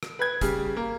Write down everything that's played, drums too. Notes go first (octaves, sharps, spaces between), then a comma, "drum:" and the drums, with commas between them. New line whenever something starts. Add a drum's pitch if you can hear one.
drum: rim click
B4 G#6
C#3 G3, drum: kick, hi-hat
A#3